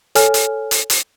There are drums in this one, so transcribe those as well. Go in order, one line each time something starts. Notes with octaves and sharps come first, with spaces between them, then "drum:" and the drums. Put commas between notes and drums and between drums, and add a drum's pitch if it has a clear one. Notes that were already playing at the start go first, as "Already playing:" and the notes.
A4 C#5 G#5 F6, drum: hi-hat
drum: hi-hat
drum: hi-hat
drum: hi-hat